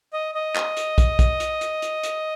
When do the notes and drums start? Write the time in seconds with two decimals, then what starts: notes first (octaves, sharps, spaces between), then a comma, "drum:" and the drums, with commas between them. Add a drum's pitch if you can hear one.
0.13 D#5
0.35 D#5
0.56 drum: clap
0.77 drum: hi-hat
0.98 drum: kick, hi-hat
1.19 drum: kick, hi-hat
1.40 drum: hi-hat
1.61 drum: hi-hat
1.82 drum: hi-hat
2.03 drum: hi-hat